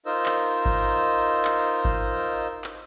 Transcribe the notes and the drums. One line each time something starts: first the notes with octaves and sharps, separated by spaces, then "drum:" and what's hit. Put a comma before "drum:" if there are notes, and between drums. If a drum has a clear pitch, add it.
D#4 F4 A#4 C5 D#5 E6
drum: clap
drum: kick G#1
drum: clap
drum: kick G#1
drum: clap